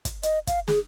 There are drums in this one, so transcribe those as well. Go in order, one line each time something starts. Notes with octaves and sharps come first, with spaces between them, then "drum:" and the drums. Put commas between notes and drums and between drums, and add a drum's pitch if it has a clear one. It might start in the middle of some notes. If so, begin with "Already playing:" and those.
drum: kick, hi-hat
D#5, drum: hi-hat
F5, drum: kick, hi-hat
G#4, drum: snare